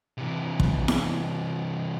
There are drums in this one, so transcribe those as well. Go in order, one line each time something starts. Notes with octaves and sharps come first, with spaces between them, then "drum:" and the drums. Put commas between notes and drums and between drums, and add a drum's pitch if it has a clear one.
C3 E3
drum: kick
drum: snare E4